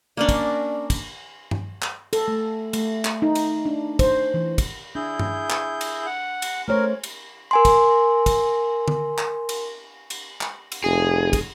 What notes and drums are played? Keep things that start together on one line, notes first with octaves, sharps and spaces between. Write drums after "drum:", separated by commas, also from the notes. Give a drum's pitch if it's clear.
A#3 C#4 D4 D5
drum: kick, cymbal
drum: kick, cymbal
drum: tom G2
drum: clap
A4, drum: cymbal
A3
A3, drum: cymbal
drum: clap
D#4
drum: cymbal
D4
C5, drum: kick, cymbal
E3
drum: kick, cymbal
D4 E4 G#4 G6
drum: tom G2
drum: clap
drum: cymbal
F#5
drum: cymbal
A3 A#4 C5 C#5
drum: cymbal
A#4 G#5 C6
drum: kick, cymbal
drum: kick, cymbal
drum: tom D3
drum: clap
drum: cymbal
drum: cymbal
drum: clap
drum: cymbal
F1 G#4
drum: kick, cymbal